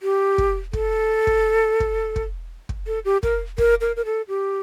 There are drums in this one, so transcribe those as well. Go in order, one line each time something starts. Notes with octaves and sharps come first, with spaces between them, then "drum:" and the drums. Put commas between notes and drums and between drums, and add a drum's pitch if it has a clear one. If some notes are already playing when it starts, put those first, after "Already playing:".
G4
drum: kick
A4, drum: kick
drum: kick
drum: kick
drum: kick
drum: kick
A4
G4
A#4, drum: kick
A#4, drum: kick
A#4
A#4
A4
G4